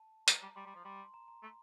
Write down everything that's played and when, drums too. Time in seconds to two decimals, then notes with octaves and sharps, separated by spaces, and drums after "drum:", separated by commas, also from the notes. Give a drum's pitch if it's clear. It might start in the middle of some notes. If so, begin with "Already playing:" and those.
Already playing: A5
0.28 G3 A#5, drum: hi-hat
0.42 G3
0.56 G3 C6
0.66 G3
0.75 F3
0.85 G3 C6
1.14 A#5
1.28 A#5
1.43 A3